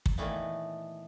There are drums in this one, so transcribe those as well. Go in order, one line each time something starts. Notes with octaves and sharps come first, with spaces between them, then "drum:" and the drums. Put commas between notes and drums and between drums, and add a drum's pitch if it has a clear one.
drum: kick
A#2 D#3 E3 A3 B3